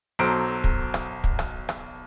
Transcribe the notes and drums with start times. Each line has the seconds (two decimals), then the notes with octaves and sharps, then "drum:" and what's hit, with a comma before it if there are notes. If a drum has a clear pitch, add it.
0.19 B1 F#3 A4 C5 A#5 D7
0.64 drum: kick
0.94 drum: rim click
1.24 drum: kick
1.39 drum: rim click
1.69 drum: rim click